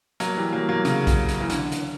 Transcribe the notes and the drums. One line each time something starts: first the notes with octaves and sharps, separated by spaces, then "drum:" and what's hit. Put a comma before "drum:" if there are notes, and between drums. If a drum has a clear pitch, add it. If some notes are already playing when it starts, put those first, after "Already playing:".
F#3 A#3, drum: hi-hat
E3 G3
F#3 A#3
F#3 A#3
C#3, drum: hi-hat
drum: kick, hi-hat
drum: hi-hat
E3
D3, drum: hi-hat
drum: hi-hat